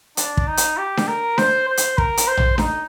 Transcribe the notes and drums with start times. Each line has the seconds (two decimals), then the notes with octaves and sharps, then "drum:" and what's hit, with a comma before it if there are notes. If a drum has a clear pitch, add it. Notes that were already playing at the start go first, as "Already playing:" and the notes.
0.17 D4, drum: hi-hat
0.37 drum: kick
0.47 D#4
0.57 drum: hi-hat
0.77 G4
0.97 drum: snare D4
1.08 A#4
1.38 C5, drum: snare D4
1.68 C5
1.77 drum: hi-hat
1.98 A#4, drum: kick
2.17 drum: hi-hat
2.28 C5
2.37 drum: tom A#1
2.58 D#4, drum: snare D4